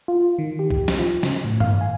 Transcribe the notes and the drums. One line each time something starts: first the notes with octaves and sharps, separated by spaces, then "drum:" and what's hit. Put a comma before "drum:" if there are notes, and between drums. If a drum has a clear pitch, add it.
F4
D#3
G4
drum: kick B1
drum: snare
F4
C#3, drum: snare
A2
F5, drum: tom G2
G#5